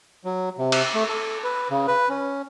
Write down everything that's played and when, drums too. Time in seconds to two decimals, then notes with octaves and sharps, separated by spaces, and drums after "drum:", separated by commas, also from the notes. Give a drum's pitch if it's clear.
0.25 F#3
0.58 C3
0.72 drum: cymbal
0.95 A3
1.09 A4
1.44 B4
1.70 C#3
1.88 B4
2.09 C#4